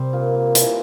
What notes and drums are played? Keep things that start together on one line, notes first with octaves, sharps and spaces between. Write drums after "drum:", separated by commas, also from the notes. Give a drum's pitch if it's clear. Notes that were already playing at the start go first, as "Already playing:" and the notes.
Already playing: C3 G3 C4
A#2
A#2
E3, drum: hi-hat